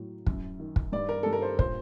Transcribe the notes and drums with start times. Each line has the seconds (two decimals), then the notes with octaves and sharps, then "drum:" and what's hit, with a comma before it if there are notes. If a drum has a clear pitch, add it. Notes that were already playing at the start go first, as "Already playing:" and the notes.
Already playing: A2 F#3
0.27 F#2, drum: kick
0.60 D#3
0.76 drum: kick
0.92 G2 D5
1.09 A#4
1.23 G2 A4
1.33 A#4
1.42 C5
1.59 A#2 C5, drum: kick